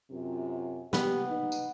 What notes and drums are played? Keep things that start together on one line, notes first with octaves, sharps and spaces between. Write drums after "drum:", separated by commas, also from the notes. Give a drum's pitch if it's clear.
F#2 C3 F4
B3 G4, drum: snare
D#4 B4
drum: tambourine